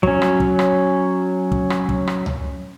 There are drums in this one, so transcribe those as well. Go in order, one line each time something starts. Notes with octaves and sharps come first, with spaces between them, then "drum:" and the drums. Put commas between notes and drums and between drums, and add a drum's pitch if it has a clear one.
F#3 C#4, drum: kick
drum: rim click
drum: kick
drum: rim click
drum: kick
drum: rim click
drum: kick
drum: rim click
drum: tom C#2